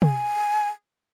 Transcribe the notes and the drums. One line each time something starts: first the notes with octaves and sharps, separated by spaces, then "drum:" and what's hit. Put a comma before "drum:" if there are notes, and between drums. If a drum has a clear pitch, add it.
G#5, drum: tom